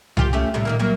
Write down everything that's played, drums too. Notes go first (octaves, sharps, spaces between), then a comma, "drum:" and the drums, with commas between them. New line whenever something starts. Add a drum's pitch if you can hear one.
F4 G4, drum: tom C2
A3 C#4 G4
A2 C3 G3
A#2 D#3 A#3
F#3 G3 A#3